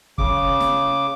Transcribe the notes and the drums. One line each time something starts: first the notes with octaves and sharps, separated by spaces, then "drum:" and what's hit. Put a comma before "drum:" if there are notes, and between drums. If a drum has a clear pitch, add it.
C#3 D6, drum: kick
drum: snare